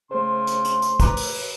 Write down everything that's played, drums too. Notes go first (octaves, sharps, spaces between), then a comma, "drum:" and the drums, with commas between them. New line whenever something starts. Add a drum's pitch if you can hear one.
C#3 A3 C5 C6
drum: hi-hat
drum: hi-hat
drum: hi-hat
B4 A#5 D6, drum: kick, hi-hat
drum: open hi-hat
drum: open hi-hat